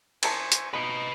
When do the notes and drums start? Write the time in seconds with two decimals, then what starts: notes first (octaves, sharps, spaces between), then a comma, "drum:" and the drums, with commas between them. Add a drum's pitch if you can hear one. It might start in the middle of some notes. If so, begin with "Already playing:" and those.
0.23 E3 A#4 C5 G#5 A5 C#6, drum: cymbal
0.52 drum: hi-hat
0.73 F3 D#4 B4 D#5